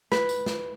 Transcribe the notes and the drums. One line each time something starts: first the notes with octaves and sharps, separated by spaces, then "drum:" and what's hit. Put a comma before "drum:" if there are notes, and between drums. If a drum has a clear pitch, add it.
B4, drum: snare
drum: tambourine
drum: snare